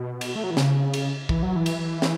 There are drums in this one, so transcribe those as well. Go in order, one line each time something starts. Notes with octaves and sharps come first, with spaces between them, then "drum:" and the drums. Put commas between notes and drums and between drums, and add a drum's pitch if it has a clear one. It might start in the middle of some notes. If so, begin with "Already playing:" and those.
Already playing: B2
drum: cymbal
A3
F#3
E3
C#3, drum: snare
drum: cymbal
E3, drum: kick
F#3
E3
drum: cymbal
drum: snare